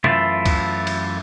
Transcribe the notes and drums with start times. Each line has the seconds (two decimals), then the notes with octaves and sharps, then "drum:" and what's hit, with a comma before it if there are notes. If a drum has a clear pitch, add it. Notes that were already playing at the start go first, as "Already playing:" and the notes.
0.04 F#2 E3 A3 E4 F4, drum: tom
0.46 drum: kick, cymbal
0.87 drum: cymbal